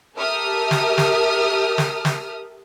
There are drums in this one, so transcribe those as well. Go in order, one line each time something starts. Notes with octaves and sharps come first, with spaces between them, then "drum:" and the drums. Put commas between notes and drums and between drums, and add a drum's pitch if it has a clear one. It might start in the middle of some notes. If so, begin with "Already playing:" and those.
G4 A4 A#4 E5 D#6 F6
drum: snare
drum: snare
drum: snare
drum: snare